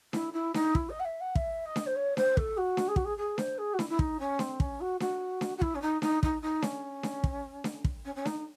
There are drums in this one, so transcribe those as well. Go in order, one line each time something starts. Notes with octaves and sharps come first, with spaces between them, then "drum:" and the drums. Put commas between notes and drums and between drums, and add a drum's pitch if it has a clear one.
E4, drum: snare D4
E4
D#4, drum: snare D4
E4, drum: kick
D#5
F#5
E5
F#5
E5, drum: kick
D#5
drum: snare D4
C5
C#5
C5, drum: snare D4
A4, drum: kick
F#4
drum: snare D4
G#4
F#4, drum: kick
G#4
G#4
C5, drum: snare D4
G#4
F#4
E4, drum: snare D4
E4
D#4, drum: kick
C#4
C4, drum: snare D4
C#4, drum: kick
F#4
F#4, drum: snare D4
drum: snare D4
F#4
E4, drum: kick
C#4
D#4
D#4, drum: snare D4
D#4, drum: kick
D#4
C#4, drum: snare D4
drum: snare D4
drum: kick
drum: snare D4
drum: kick
C#4
C#4
D#4, drum: snare D4